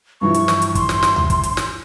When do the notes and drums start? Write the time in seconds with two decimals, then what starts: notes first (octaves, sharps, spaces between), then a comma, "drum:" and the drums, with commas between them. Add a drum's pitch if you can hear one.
0.21 G2 E3 F3 C#6
0.34 drum: hi-hat
0.48 drum: snare
0.62 drum: hi-hat
0.75 C6, drum: kick, hi-hat
0.89 drum: snare
1.03 drum: snare
1.16 drum: tom D2
1.30 drum: kick, hi-hat
1.43 drum: hi-hat
1.57 drum: snare